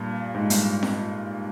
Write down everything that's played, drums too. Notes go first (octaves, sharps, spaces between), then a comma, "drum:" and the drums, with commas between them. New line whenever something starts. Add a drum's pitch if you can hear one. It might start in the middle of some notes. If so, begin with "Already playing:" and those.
Already playing: G2 A#2
G#2
G2, drum: hi-hat
drum: snare F4